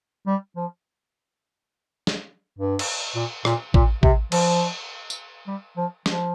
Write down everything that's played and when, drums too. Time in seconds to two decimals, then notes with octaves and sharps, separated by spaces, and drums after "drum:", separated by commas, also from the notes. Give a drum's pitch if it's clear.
0.27 G3
0.56 F3
2.07 drum: snare
2.58 G2
2.79 drum: cymbal
3.15 A#2
3.45 A#2, drum: rim click
3.74 A#2, drum: kick
4.03 C3, drum: kick
4.32 F3, drum: cymbal
5.10 drum: tambourine
5.47 G3
5.77 F3
6.06 F3, drum: snare